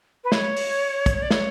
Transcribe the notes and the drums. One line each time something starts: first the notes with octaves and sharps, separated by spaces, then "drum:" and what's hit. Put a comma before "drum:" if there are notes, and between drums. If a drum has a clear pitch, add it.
B4
C#5, drum: snare
drum: open hi-hat
drum: kick, hi-hat
D5
C#5, drum: snare